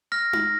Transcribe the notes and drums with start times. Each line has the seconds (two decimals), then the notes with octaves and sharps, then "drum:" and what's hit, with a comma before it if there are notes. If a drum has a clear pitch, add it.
0.12 F6 A#6
0.33 A#6, drum: tom D#4